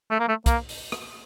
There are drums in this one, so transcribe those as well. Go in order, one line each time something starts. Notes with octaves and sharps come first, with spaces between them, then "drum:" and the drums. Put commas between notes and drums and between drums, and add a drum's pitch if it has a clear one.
A3
A#3
A3
A#3, drum: kick, hi-hat
drum: open hi-hat
drum: rim click